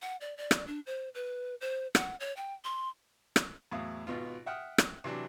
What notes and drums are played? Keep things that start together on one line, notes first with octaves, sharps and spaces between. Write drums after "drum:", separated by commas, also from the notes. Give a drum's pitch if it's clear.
F#5
D5
D5
drum: rim click
D4
C5
B4
C5
F#5, drum: rim click
C#5
G5
C6
drum: rim click
E2 A2 F#3 E4 F5 D#6
G#1 B2 B3 F4
E5 F#5 G5 D#6 F6
drum: rim click
C3 E3 F#3 D4